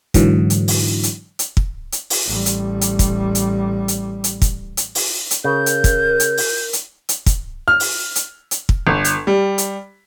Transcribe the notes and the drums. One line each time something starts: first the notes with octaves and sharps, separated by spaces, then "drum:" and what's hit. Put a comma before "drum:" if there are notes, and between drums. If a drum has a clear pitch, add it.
G#2 D3 E3 F#3, drum: kick, hi-hat
drum: hi-hat
drum: open hi-hat
drum: hi-hat
drum: hi-hat
drum: kick
drum: hi-hat
drum: open hi-hat
A1 G3
drum: hi-hat
drum: hi-hat
drum: kick, hi-hat
drum: hi-hat
drum: hi-hat
drum: hi-hat
drum: kick, hi-hat
drum: hi-hat
drum: open hi-hat
drum: hi-hat
C#3 A#4 G6
drum: hi-hat
drum: kick, hi-hat
drum: hi-hat
drum: open hi-hat
drum: hi-hat
drum: hi-hat
drum: kick, hi-hat
F6
drum: open hi-hat
drum: hi-hat
drum: hi-hat
drum: kick
G1
drum: hi-hat
G3
drum: hi-hat